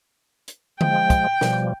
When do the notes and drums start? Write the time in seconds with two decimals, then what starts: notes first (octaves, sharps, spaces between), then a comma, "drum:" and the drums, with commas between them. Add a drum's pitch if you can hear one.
0.48 drum: hi-hat
0.81 F3 G#3 G5, drum: tom D3
1.10 drum: kick, hi-hat
1.41 B2 F3 G3, drum: snare